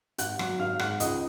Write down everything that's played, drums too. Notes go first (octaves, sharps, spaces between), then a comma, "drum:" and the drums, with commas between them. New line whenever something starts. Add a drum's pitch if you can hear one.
G#1 F#5 F#6, drum: hi-hat
F#3, drum: rim click
G#1 F5 F6
G#2 F#5 F#6, drum: rim click
C#2 D#5 D#6, drum: hi-hat